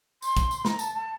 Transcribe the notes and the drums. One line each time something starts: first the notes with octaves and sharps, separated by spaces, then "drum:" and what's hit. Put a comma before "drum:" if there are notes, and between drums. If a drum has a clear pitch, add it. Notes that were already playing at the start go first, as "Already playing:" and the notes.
C6, drum: tambourine
drum: kick, tambourine
drum: tambourine
A#5, drum: snare
A5, drum: tambourine
A5